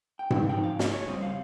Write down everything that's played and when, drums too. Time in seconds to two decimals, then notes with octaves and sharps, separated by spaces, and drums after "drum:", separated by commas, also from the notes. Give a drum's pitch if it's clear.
0.19 G5
0.30 drum: tom G#2
0.49 C#3 F3 C4 D#4 G5
0.63 F5
0.79 drum: snare
0.93 C#5
1.07 C#3 G3 C4 F4 D#5
1.22 F5